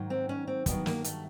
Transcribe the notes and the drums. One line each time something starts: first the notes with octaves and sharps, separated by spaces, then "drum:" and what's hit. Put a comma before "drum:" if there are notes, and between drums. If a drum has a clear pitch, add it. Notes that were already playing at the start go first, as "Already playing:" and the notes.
Already playing: G#2 D#3 F#3
C4
C#4
C4
G2 D#3 F#3 B3, drum: kick, hi-hat
A#3, drum: snare
A3, drum: hi-hat